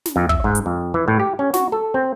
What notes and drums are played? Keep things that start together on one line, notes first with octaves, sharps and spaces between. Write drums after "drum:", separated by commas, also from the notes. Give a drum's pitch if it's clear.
drum: snare
F2
E5, drum: kick
G#2
drum: hi-hat
F2
E3
A2
G4
C#4
F#4, drum: snare
A4
C4